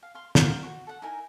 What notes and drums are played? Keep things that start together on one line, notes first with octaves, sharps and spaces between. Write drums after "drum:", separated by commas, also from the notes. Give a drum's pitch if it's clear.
F5
F5 C6
F#4 A#4 C5 F5, drum: snare
F#4 C#6
A4 F#5
D#4 E4 A#4 G#5